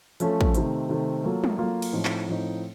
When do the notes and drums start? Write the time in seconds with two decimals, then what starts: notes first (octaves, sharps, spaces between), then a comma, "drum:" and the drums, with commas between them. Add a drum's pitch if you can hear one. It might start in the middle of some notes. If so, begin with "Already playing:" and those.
0.20 F3 A3 C#4 A4, drum: hi-hat
0.41 drum: kick
0.55 C3 D#3 A3 C4, drum: hi-hat
0.89 C3 D#3 A3 C4
1.24 F#3 A#3 F4 A4
1.44 drum: tom
1.58 F#3 A#3 F4 A4
1.82 drum: cymbal
1.93 A2 F3 C4 D#4
2.05 drum: clap
2.27 A2 F3 C4 D#4